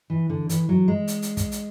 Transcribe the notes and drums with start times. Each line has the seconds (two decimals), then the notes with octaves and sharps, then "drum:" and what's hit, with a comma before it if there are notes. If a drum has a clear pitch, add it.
0.10 E3
0.30 D3
0.49 E3, drum: hi-hat
0.69 F#3
0.88 G#3
1.08 drum: hi-hat
1.22 drum: hi-hat
1.37 drum: kick, hi-hat
1.52 drum: hi-hat